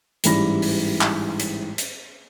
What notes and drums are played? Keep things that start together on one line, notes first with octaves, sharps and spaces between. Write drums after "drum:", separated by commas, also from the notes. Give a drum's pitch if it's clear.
A1 G#2 E3 G3 B5 A#6, drum: hi-hat
drum: open hi-hat
drum: clap
drum: hi-hat
drum: hi-hat